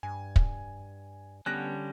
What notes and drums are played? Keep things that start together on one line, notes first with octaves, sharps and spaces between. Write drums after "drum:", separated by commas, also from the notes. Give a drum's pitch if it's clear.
G2 G#5
drum: kick
D3 G3 B3 C#4 F#6 A#6